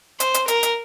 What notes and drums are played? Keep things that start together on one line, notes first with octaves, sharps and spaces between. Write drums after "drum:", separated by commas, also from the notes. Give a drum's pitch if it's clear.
C5, drum: hi-hat
drum: hi-hat
A#4, drum: hi-hat
drum: hi-hat